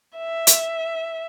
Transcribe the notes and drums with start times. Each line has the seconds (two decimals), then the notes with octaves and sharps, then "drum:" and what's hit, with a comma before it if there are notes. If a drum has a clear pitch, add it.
0.17 E5
0.47 drum: hi-hat